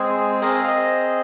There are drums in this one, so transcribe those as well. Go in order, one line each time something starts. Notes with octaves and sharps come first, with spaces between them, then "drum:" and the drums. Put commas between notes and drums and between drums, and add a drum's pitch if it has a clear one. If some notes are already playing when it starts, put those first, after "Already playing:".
Already playing: G#3 C4 G#4
C4 G#4 A#4, drum: open hi-hat
F5
D#5